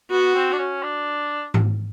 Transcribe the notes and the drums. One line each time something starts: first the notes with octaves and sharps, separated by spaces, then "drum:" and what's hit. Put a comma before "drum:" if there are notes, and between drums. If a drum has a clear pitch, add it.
B3 F#4
C4
D4
C#4
D4
drum: tom G#2